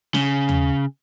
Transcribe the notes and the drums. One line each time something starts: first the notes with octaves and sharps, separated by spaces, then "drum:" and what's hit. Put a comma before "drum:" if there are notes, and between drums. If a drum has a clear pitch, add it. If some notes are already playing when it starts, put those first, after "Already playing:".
C#3, drum: snare
drum: tom D#2